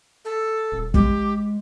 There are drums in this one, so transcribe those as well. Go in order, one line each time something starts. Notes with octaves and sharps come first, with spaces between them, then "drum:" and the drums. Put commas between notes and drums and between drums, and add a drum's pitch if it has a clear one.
A4
D#1
G#3 G4, drum: kick